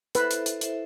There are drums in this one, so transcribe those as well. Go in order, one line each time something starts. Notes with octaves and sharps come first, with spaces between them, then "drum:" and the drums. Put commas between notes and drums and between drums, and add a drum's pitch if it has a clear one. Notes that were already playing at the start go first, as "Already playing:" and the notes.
E4 A4 B4 C5 E5, drum: hi-hat
drum: hi-hat
drum: hi-hat
E4 A4 C5 E5, drum: hi-hat